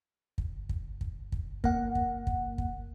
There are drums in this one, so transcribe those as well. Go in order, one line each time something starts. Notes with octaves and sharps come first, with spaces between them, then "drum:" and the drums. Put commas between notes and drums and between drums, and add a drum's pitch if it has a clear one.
drum: kick
drum: kick
drum: kick
drum: kick
A#3 F#5, drum: kick
drum: kick
drum: kick
drum: kick